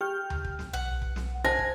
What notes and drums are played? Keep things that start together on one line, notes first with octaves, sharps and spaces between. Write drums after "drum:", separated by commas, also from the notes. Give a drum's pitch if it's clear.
G4 G5 F6 G6
drum: tom D2
drum: kick
drum: snare
B1 F#5
drum: kick
drum: snare
C5 D#5 G#5 A5 A#6
drum: kick